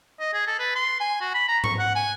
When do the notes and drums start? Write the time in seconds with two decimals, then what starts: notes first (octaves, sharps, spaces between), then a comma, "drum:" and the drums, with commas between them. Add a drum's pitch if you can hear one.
0.19 D#5
0.33 G#4
0.47 A4
0.59 B4
0.75 C6
1.00 G#5
1.21 F#4
1.34 B5
1.48 A#5
1.64 C#6, drum: tom G#2
1.79 F#5
1.95 G#5